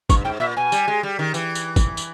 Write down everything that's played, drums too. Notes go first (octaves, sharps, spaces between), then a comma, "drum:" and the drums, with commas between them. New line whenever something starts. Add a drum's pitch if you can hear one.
G2 C#6, drum: kick, tambourine
G#2 G5
A#2 E5
B2 G#5
G3, drum: tambourine
G#3
G3
D#3
E3, drum: tambourine
drum: tambourine
drum: kick, tambourine
drum: tambourine